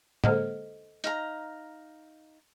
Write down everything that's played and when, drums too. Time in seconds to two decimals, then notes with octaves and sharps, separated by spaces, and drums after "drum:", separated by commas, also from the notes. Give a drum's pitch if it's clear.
0.24 D3 G#3 A#3 A4 C5 D#5 F#5 F6, drum: tom
1.04 D#4 F5 A#5, drum: hi-hat